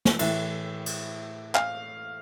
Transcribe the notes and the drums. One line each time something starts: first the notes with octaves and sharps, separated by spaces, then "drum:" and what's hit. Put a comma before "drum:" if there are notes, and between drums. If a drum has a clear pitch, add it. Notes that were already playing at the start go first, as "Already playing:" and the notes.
drum: snare
A2 E3 E5, drum: cymbal
drum: cymbal
F5, drum: clap